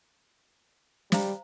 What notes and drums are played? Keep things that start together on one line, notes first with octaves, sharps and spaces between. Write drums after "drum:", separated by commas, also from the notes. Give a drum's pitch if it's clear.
G3 C5 F5 A#5, drum: snare